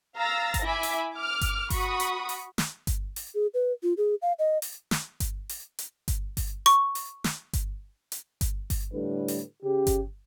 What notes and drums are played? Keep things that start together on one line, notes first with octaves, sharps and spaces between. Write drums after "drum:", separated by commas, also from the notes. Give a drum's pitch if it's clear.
F5 A#5 E6 A6 A#6
drum: kick G1, hi-hat
E4 E5 G#5 B5 D6
drum: open hi-hat
D6 F6
drum: kick G1, hi-hat
F#4 B5 C#6 D#6, drum: kick G1, open hi-hat
drum: hi-hat
drum: open hi-hat
drum: snare
drum: kick G1, hi-hat
drum: open hi-hat
G#4
B4
F4
G#4
F5
D#5
drum: open hi-hat
drum: snare
drum: kick G1, hi-hat
drum: open hi-hat
drum: hi-hat
drum: kick G1, hi-hat
drum: kick G1, open hi-hat
C#6, drum: hi-hat
drum: open hi-hat
drum: snare
drum: kick G1, hi-hat
drum: hi-hat
drum: kick G1, hi-hat
drum: kick G1, open hi-hat
A2 D3 G3 B4
drum: open hi-hat
C#3 G4
drum: kick G1, hi-hat